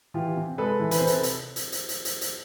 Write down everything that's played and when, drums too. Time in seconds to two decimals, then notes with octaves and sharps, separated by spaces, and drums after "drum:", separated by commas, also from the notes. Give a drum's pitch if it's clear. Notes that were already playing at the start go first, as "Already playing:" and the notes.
0.14 E3 F4 G4
0.36 C3
0.58 G#3 A4 B4
0.80 E3
0.91 B4, drum: hi-hat
0.98 C3 C5
1.07 A4 B4, drum: hi-hat
1.23 drum: hi-hat
1.56 drum: hi-hat
1.72 drum: hi-hat
1.89 drum: hi-hat
2.05 drum: hi-hat
2.21 drum: hi-hat